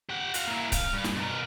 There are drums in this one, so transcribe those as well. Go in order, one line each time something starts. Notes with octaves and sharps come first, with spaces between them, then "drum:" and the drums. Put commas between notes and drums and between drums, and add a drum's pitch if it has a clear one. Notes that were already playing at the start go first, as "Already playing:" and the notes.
G4 F#5
F#4 F5, drum: hi-hat
A#3 E4
C#2 F5, drum: kick C#1, hi-hat
G2
drum: snare
B2 A#4